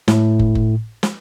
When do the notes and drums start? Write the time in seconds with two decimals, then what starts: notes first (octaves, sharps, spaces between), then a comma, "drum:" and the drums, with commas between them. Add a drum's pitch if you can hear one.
0.08 A2, drum: snare
0.39 drum: kick
0.55 drum: kick
1.03 drum: snare